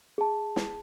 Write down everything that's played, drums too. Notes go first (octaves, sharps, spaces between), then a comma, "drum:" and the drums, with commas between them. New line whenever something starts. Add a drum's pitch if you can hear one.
G#4 A5
drum: snare